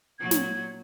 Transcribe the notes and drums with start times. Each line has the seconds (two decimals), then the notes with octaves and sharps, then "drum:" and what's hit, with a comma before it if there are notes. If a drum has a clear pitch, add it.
0.19 A#2 F#3 G#6
0.31 drum: snare